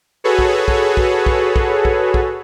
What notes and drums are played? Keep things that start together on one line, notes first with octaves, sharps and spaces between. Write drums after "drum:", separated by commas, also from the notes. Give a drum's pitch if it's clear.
F#4 G#4 A4 B4 C#5
drum: kick
drum: kick
drum: kick
drum: kick
drum: kick
drum: kick
drum: kick